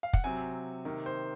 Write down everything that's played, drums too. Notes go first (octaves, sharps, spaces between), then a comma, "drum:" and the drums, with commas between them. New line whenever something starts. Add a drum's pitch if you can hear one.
F5
F#5, drum: kick
C3 F#3 C4 G#5
C3 D#3 A#3
C5